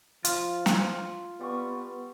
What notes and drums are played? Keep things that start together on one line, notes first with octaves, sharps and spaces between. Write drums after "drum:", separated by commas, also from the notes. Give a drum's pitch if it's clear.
F3 F4, drum: hi-hat
drum: snare
G3 B3 C#6